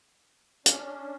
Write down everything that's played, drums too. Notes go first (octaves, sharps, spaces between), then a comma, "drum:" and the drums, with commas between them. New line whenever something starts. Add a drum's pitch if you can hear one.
C#4 D4 C#5, drum: hi-hat